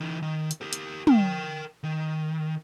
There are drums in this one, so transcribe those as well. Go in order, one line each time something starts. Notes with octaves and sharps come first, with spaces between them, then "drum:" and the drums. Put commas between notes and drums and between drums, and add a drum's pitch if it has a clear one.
E3 D#4
D#3
drum: hi-hat
G4 A#4
drum: hi-hat
A#4 G5, drum: tom
D#3